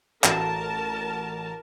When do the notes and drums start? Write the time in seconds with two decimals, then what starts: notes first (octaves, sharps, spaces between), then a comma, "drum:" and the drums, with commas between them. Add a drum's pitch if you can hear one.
0.24 A1 A3 F#4 A#4 A5, drum: clap